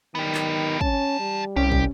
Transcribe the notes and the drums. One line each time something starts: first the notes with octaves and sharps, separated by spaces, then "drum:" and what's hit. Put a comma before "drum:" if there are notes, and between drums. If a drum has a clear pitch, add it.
D#3 B3 G4
drum: clap
E3 C#4 A5, drum: kick
G3
C2 C#4 G4
drum: kick